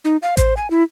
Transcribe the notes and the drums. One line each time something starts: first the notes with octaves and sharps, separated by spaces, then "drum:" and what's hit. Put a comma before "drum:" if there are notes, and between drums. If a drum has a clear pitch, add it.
D#4
F5
C5, drum: kick A1, hi-hat
G#5
E4